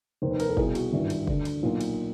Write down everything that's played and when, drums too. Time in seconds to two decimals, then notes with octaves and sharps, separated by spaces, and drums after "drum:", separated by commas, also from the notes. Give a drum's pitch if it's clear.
0.22 F1 D#2 D#3 C5
0.31 B4
0.40 A#4, drum: cymbal
0.49 A4
0.57 C2 B2 G#4, drum: kick
0.75 F#4, drum: cymbal
0.92 G#1 G2 E3
1.10 drum: cymbal
1.27 D2 D3, drum: kick
1.45 drum: cymbal
1.63 B1 A#2 F4
1.81 drum: cymbal